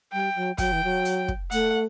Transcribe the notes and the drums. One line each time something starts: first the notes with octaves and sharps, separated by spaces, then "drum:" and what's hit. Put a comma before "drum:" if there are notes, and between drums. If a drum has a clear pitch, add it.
G3 G5
F#3
F#3 G5, drum: kick, hi-hat
E3
F#3
drum: hi-hat
drum: kick
A3 F#5, drum: hi-hat